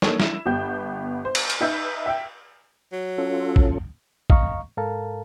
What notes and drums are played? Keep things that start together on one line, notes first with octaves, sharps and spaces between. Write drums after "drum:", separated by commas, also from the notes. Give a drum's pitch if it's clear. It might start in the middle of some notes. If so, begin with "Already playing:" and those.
A#3 D#4 A4 C#5, drum: snare
E4 E7, drum: snare
G1 B3 G4 G6
C5
drum: cymbal
drum: hi-hat
D#4 B4 E5 G6
E5 G5
F#3
C#4 F4 A4
drum: kick
D#5 F5 A#5 C#6, drum: kick
G#2 A4 A#4 F5 A5 A#5